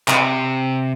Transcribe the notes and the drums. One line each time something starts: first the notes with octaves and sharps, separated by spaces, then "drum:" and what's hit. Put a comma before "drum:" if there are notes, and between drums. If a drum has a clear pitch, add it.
C3, drum: clap